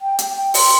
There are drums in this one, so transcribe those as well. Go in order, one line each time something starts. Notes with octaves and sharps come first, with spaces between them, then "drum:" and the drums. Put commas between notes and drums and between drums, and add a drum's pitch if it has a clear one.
G5
G5, drum: hi-hat
G5
C6, drum: open hi-hat